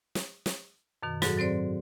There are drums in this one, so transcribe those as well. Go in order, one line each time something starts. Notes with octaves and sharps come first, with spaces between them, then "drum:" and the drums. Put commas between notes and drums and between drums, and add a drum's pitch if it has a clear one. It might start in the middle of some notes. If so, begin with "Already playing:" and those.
drum: snare
drum: snare
F#2 B2 D#3
G#2 F#3 F#4 G#4 A4, drum: snare
F#3 C4 C5 D5 C6